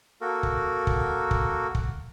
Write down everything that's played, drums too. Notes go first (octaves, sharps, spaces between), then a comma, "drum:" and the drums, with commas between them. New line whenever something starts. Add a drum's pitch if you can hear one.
A#3 F#4 A4 A#4
drum: kick
drum: kick
drum: kick
drum: kick